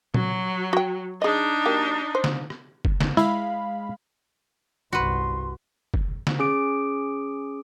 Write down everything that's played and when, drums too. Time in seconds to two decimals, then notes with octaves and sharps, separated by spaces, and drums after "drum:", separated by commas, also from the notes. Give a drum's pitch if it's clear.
0.14 F#3, drum: tom A#2
0.73 F#4 G5
1.22 D4 D#4 G#4 D#5
1.66 F#3 A#3 G4
2.15 C5
2.24 drum: snare C#3
2.50 drum: rim click
2.85 drum: kick
3.01 drum: snare C#3
3.17 G#3 E4 F5 B5
4.93 G1 C2 F#4 B4 C6
5.94 drum: kick
6.27 drum: snare C#3
6.39 C#4 G#4 D6 D7